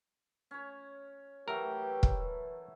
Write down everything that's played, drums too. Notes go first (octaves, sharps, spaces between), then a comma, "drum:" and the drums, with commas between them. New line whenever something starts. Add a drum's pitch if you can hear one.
C#4 C#5
E3 F#3 A3 G4 A#4 B4
drum: kick